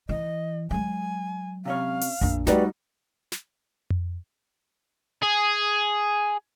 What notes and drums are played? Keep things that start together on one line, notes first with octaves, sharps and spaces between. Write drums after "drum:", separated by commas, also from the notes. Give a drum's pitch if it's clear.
E3 D#5
F#3 G#3 G#5
C3 C#4 C#5 F5
drum: open hi-hat
A#1 A#2 D4, drum: tom F2
G3 A3 D#4 F#4 G4 B4 D5, drum: snare
drum: snare
drum: tom F2
G#4